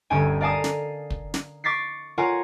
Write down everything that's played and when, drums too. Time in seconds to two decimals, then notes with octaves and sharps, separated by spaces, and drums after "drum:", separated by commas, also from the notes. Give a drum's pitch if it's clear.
0.10 G1 D2 C#4 G5 G#5
0.41 A#4 D5 F5 G#5 A5 D#6
0.64 drum: snare
1.10 drum: kick
1.34 drum: snare
1.64 C#6 D6 A6 B6 C7
2.18 F4 A#4 C#5 F#5 G#5